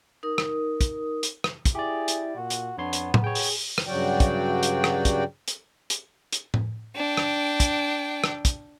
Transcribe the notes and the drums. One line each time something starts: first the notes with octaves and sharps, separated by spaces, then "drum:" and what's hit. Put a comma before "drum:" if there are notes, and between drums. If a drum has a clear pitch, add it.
D#4 A#4 D#6
drum: rim click
drum: kick, hi-hat
drum: hi-hat
drum: rim click
drum: kick, hi-hat
E4 G4 G#4 D5
drum: hi-hat
A#2 F#4
drum: hi-hat
F2 B3 D4 C#5 C6
drum: hi-hat
drum: tom A2
G#4 C#5 G5
drum: open hi-hat
drum: rim click
G2 C#3 F#3 F#4 D5 G5
drum: kick, hi-hat
drum: hi-hat
drum: rim click
drum: kick, hi-hat
drum: hi-hat
drum: hi-hat
drum: hi-hat
drum: tom A2
D4 G5
drum: rim click
drum: kick, hi-hat
drum: rim click
drum: kick, hi-hat